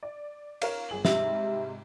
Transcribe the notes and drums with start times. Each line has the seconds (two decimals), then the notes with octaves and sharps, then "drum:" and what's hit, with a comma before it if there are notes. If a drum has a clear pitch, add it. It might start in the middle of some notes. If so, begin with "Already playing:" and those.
0.03 D5
0.62 A#4 C#5 F5, drum: cymbal
0.89 G1 G#4 F#7
1.05 G#2 C3 G3 E5, drum: snare